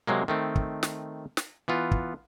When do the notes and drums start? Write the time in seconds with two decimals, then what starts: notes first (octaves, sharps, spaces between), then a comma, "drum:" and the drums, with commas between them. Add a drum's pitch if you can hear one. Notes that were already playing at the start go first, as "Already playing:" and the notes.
0.07 C3 F#3 G#3 A#3
0.28 D#3 A3 C4
0.55 drum: kick
0.83 drum: snare
1.37 drum: snare
1.68 E3 B3 F4
1.91 drum: kick